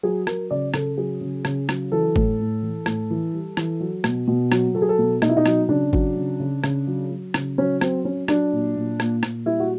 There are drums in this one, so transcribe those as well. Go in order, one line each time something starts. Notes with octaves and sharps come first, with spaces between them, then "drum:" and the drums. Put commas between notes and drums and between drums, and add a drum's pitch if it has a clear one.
F#3 G#4
F#3 A#4, drum: rim click
C#3 D5
C#3 A4, drum: rim click
F#3 G#4
C#3
C#3, drum: rim click
F#3, drum: rim click
E3 A4
A2, drum: kick G#1
A2
E3
A2, drum: rim click
E3
G3
E3, drum: rim click
F#3
B2, drum: rim click
B2
F#3, drum: rim click
F#3 A4
G#4
A4
B2
B2 D#4, drum: rim click
E4
D#4
F#3, drum: rim click
C#3 D4
F#3, drum: kick G#1
C#3
C#3
C#3, drum: rim click
F#3
F#3
C#3, drum: rim click
F#3 C#4
F#3 C4, drum: rim click
F#3 C#4
F#3 D4, drum: rim click
A#2
A#2
A#2, drum: rim click
A#2, drum: rim click
G3 E4
F#4